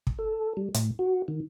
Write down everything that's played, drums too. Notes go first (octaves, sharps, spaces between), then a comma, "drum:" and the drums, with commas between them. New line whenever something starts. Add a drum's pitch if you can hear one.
drum: kick
A4
G3
A2, drum: hi-hat
F#4
D#3